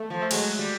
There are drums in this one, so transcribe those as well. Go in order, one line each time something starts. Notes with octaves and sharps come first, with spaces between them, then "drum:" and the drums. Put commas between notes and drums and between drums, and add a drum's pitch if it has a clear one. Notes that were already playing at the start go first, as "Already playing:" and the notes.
Already playing: A3
F3
A3
F#3 G#3, drum: cymbal
G3